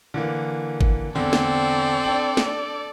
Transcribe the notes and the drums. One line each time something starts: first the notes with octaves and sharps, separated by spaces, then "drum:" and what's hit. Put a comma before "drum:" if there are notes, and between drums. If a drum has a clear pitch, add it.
D3 E3 A#3
drum: kick G1
E2 D3 C4 A4 D5
drum: snare
D4 G5 F#7
drum: snare